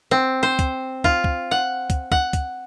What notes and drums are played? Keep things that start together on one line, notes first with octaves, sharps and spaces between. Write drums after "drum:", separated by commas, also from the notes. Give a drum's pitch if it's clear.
C4
C5
drum: kick, hi-hat
F4, drum: kick
drum: kick
F#5
drum: kick, hi-hat
F#5, drum: kick
drum: kick, hi-hat